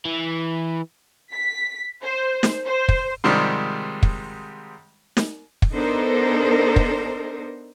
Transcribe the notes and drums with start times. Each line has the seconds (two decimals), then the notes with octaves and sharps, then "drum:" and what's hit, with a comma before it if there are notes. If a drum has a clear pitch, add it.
0.05 E3
1.33 B6
2.03 C5
2.43 drum: snare
2.66 C5
2.89 drum: kick
3.24 G#2 C3 D#3 F3 G3
4.03 drum: kick
5.17 drum: snare
5.62 drum: kick
5.73 B3 D4 D#4 A4 A#4 C5
6.76 drum: kick